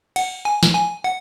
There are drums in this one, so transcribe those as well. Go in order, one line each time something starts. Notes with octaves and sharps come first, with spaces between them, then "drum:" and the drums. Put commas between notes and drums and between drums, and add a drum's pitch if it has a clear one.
F#5, drum: cymbal
G#5
drum: snare
G#5
F#5